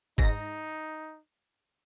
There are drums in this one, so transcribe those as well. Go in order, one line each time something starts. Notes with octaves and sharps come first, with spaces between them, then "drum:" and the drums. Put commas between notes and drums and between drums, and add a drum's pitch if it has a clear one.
G#2 D#4 A#6, drum: kick